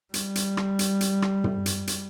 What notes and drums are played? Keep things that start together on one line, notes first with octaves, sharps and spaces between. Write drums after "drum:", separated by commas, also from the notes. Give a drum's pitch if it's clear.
G3, drum: hi-hat
drum: hi-hat
drum: rim click
drum: hi-hat
drum: hi-hat
drum: rim click
drum: tom
drum: hi-hat
drum: hi-hat